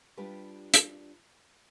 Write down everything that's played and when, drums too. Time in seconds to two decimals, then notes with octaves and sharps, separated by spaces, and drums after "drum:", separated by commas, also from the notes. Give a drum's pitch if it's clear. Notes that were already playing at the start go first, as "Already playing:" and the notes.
0.17 G3 D4 F4 G4 B4
0.74 drum: hi-hat